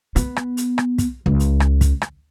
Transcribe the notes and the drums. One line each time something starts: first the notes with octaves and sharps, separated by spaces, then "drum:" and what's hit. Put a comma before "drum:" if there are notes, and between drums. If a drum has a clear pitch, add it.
B3, drum: kick, hi-hat
drum: rim click
drum: hi-hat
drum: rim click
drum: kick, hi-hat
C#2
drum: hi-hat
drum: rim click
drum: kick, hi-hat
drum: rim click